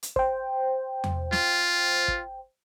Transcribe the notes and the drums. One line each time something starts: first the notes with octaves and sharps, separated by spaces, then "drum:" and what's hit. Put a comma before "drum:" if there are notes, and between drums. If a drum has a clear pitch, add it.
drum: hi-hat
C5 G5, drum: kick
drum: tom E2
F4, drum: snare
drum: kick